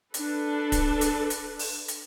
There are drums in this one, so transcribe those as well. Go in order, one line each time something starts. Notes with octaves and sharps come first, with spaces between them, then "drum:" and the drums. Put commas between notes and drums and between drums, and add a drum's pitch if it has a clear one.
D4 A4 B4, drum: hi-hat
drum: kick D1, hi-hat
drum: hi-hat
drum: hi-hat
drum: open hi-hat
drum: hi-hat